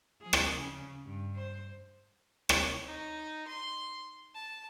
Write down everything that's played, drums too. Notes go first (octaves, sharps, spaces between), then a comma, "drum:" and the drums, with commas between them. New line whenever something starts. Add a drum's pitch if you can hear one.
F3 G#4
drum: rim click
C#3
G2
C5
C#5, drum: rim click
D#4
C6
A5